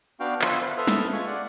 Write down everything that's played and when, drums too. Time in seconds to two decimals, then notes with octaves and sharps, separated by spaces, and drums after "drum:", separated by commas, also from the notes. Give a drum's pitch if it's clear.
0.20 B3 D4 F#4 F5 G5
0.42 B3 F4 C5 E5, drum: clap
0.62 B4 C5
0.77 A4 B4 E5 C6 D#6 F6
0.87 drum: snare
1.13 G#3 F4 G#5 C#6
1.27 D5 F#5